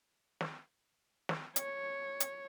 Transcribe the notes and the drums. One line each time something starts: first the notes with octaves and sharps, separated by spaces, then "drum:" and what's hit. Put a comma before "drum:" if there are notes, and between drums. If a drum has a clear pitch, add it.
drum: snare
drum: snare
C#5, drum: hi-hat
drum: hi-hat